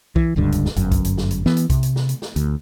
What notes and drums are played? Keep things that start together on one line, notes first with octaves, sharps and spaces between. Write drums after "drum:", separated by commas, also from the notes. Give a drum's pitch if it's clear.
E3, drum: kick B1
D#1 C#2 G2 D3
drum: hi-hat
drum: snare
G1 F#2, drum: hi-hat
drum: kick B1, hi-hat
drum: hi-hat
drum: snare
drum: hi-hat
E3 B3, drum: snare
drum: hi-hat
C3, drum: kick B1, hi-hat
drum: hi-hat
drum: snare
drum: hi-hat
drum: snare
D2, drum: hi-hat